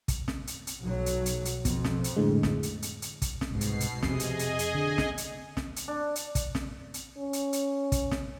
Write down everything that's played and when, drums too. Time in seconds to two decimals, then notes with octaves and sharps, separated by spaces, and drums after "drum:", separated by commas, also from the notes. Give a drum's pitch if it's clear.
0.08 drum: kick, hi-hat
0.28 drum: snare
0.47 drum: hi-hat
0.67 drum: hi-hat
0.83 B1 F#3
1.06 drum: hi-hat
1.26 drum: hi-hat
1.45 drum: hi-hat
1.65 F2 B2, drum: kick, hi-hat
1.84 drum: snare
2.04 drum: hi-hat
2.17 A2 D3 G#3
2.43 drum: snare
2.63 drum: hi-hat
2.82 drum: hi-hat
3.02 drum: hi-hat
3.22 drum: kick, hi-hat
3.41 drum: snare
3.51 C2 G#2 B2 C7
3.61 drum: hi-hat
3.80 drum: hi-hat
4.03 F2 C3 G#4 D#5 G#5, drum: snare
4.20 drum: hi-hat
4.39 drum: hi-hat
4.59 drum: hi-hat
4.75 D3
4.98 drum: snare
5.18 drum: hi-hat
5.57 drum: snare
5.76 drum: hi-hat
5.88 D4
6.16 drum: hi-hat
6.35 drum: kick, hi-hat
6.55 drum: snare
6.94 drum: hi-hat
7.18 C#4
7.33 drum: hi-hat
7.53 drum: hi-hat
7.92 drum: kick, hi-hat
8.11 drum: snare